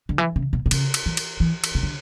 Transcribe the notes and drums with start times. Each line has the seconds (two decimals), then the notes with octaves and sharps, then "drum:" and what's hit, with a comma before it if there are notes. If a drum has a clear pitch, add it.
0.09 D3
0.18 E3
0.36 C#3
0.53 B2
0.66 B2
0.71 C#3, drum: cymbal
0.94 drum: cymbal
1.06 E3
1.17 drum: cymbal
1.40 E3
1.64 drum: cymbal
1.75 C#3
1.83 D3